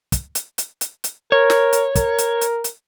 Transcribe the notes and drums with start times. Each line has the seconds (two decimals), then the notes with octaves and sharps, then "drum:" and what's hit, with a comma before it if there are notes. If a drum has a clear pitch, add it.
0.12 drum: kick, hi-hat
0.35 drum: hi-hat
0.58 drum: hi-hat
0.81 drum: hi-hat
1.04 drum: hi-hat
1.32 A#4 C#5
1.50 drum: snare
1.73 drum: hi-hat
1.96 A#4, drum: kick, hi-hat
2.19 drum: hi-hat
2.41 drum: hi-hat
2.64 drum: hi-hat